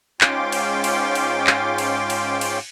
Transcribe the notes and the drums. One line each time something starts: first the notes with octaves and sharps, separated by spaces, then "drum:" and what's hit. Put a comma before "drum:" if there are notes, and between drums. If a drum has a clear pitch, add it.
G#2 C#4 F4 G5 C6 D6, drum: clap
drum: cymbal
drum: cymbal
drum: cymbal
drum: clap
drum: cymbal
drum: cymbal
drum: cymbal